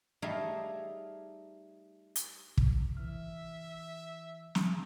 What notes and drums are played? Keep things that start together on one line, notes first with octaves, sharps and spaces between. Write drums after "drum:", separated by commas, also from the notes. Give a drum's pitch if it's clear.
G3 A3 D#4 G#4 A4 F5
drum: hi-hat
drum: kick
E3 E5 F6
drum: snare